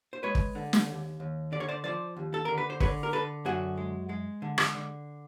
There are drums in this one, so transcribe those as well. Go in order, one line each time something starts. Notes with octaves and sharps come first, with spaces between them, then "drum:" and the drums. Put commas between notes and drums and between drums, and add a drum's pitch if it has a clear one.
C5
G#3 B4 C#5
drum: kick
D3
drum: snare
D#2
D#2
D3 D5
C#5
C5 D5
F3 C5 D5
D#2
A4
D3 A#4
B4
C5
D3 B4 C#5, drum: kick
A#4
D3 A4 B4
F#2 F#4 G#4
G#3
G#3
D3
drum: rim click
D3